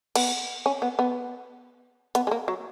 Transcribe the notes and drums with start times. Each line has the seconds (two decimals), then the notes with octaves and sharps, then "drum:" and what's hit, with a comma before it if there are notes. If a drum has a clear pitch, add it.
0.16 B3, drum: cymbal
0.66 C#4
0.82 B3
0.99 B3
2.15 B3, drum: hi-hat
2.27 G#3
2.31 A#3
2.48 F#3